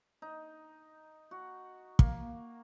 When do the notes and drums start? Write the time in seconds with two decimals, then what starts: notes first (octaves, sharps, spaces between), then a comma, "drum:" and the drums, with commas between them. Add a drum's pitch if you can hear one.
0.22 D#4
1.31 F#4
1.99 A#3, drum: kick